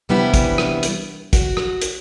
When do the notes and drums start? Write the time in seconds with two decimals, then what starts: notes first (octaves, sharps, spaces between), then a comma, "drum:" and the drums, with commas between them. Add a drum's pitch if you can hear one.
0.09 C3 E3 G3 B3 D4 E4
0.34 drum: kick, hi-hat
0.58 drum: rim click
0.83 drum: hi-hat
1.33 F#4, drum: kick, hi-hat
1.57 drum: rim click
1.82 drum: hi-hat